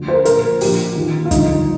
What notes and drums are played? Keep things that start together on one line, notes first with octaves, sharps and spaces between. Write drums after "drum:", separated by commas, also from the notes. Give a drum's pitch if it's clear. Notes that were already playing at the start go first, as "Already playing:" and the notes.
Already playing: D2 D3 F3
C5
A#4
A#1 A#2 F3 A#4, drum: hi-hat
A#1 A#2 F3 G4, drum: open hi-hat
D#2 D#3
F4
G1 F2 D3 D#4, drum: kick, hi-hat